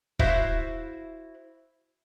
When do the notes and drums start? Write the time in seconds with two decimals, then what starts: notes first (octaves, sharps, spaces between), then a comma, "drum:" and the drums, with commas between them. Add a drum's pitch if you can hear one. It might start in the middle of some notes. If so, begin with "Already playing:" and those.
0.19 E4 F#4 C5 E5 F5, drum: kick